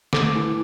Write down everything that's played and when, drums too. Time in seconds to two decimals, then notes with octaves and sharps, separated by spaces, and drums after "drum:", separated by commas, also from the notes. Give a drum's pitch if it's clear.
0.13 A3 D6, drum: snare
0.36 E3